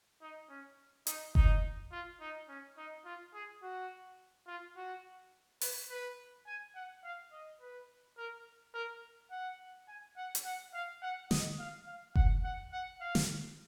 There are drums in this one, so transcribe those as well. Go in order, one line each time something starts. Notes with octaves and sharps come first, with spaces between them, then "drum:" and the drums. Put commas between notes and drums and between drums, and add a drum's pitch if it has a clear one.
D#4
C#4
D#4, drum: hi-hat
D#4, drum: kick F#1
F4
D#4
C#4
D#4
F4
G#4
F#4
F4
F#4
B4, drum: open hi-hat
B4
G#5
F#5
F5
D#5
B4
A#4
A#4
F#5
G#5
F#5
drum: hi-hat
F#5
F5
F#5
D#5, drum: snare
F5
F5
F#5, drum: kick F#1
F#5
F#5
F5
drum: snare